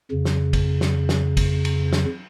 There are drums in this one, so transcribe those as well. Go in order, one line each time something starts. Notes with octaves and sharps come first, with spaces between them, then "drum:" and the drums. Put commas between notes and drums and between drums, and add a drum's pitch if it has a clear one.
F2 C#3
drum: snare
drum: kick, cymbal
drum: snare
drum: snare
drum: kick, cymbal
drum: cymbal
drum: snare